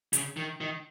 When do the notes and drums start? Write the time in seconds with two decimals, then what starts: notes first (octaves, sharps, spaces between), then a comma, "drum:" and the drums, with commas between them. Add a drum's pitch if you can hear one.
0.13 C#3, drum: hi-hat
0.37 D#3
0.61 D#3